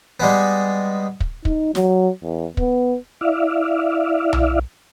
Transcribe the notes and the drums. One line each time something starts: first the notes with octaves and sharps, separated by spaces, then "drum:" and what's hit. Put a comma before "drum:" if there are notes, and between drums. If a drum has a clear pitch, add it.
G3 G#3 B3
drum: kick
D#4, drum: kick
F#3, drum: snare
E2
B3, drum: kick
E4 D5 E5 F5
drum: tom B1